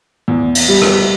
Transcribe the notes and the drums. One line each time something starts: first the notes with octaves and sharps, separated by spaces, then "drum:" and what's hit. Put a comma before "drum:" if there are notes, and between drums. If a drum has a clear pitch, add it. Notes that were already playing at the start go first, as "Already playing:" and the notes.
E2
drum: cymbal
G3
drum: rim click